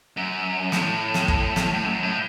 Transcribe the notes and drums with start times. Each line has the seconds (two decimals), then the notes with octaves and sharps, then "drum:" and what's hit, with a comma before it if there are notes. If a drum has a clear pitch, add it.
0.17 F#2
0.72 A2, drum: snare
1.14 drum: snare
1.28 drum: kick
1.56 drum: snare
1.74 A2
1.84 F#2
2.03 A2